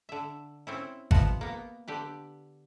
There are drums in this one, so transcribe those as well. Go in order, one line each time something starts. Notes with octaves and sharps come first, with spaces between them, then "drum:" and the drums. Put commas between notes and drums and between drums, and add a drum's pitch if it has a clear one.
D3 E5
C4 C#4 E4
C3 F3 B3 D#5 F#5, drum: kick G#1
A#3 B3
D3 G4 B4